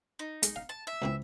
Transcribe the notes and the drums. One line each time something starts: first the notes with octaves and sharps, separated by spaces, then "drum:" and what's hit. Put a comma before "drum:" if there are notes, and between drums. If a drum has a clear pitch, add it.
D#4
G#3, drum: hi-hat
F5
A5
E5
C#2 E3 C4